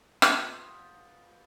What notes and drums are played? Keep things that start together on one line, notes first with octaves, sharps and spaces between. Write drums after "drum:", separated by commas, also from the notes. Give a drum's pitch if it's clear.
B3 F4 G4 A#4, drum: rim click